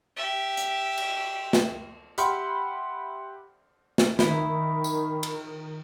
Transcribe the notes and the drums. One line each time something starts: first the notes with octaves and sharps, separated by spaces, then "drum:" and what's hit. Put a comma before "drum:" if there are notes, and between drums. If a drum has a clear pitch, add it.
G4 E5
drum: hi-hat
drum: cymbal
drum: snare
G4 E5 F#5 B5 C6 F6, drum: hi-hat
drum: snare
D#3 E4, drum: snare
drum: tambourine
drum: cymbal